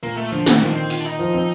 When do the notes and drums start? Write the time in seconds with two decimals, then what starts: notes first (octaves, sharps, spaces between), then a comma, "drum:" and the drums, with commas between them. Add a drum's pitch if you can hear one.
0.03 A#2 A#3
0.17 A3
0.31 D3 F3
0.46 D#3, drum: snare
0.61 D#3 F3
0.69 D4
0.76 C4
0.90 F4, drum: open hi-hat
1.00 D4
1.05 D#4
1.19 F3
1.34 C4